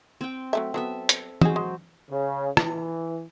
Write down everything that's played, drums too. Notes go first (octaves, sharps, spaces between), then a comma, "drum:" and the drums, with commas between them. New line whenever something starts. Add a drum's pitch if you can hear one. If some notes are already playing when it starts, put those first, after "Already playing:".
C4 G5
F#3 A3 E5
F#3 B3 A4 E5
drum: hi-hat
F#3 D#4 G#4 C5, drum: tom
G#3
C#3
E3, drum: rim click